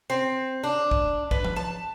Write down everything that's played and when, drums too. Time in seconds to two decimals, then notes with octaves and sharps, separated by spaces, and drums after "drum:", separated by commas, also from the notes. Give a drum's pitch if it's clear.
0.10 C4
0.64 D4
0.91 drum: kick
1.31 B4, drum: kick
1.45 drum: tom F3
1.56 A5